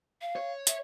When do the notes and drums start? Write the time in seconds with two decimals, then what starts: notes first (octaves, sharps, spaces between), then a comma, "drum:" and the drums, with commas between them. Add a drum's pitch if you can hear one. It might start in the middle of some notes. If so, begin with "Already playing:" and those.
0.22 F5
0.36 C#5
0.67 E5, drum: hi-hat